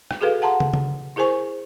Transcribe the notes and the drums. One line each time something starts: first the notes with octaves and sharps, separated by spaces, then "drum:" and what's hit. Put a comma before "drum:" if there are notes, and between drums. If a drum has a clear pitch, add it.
drum: rim click
F#4 G#4 A4 B4 F5
F#5 A5 A#5 C6
drum: tom
drum: tom
E4 G#4 A#4 C5 G#5 C#6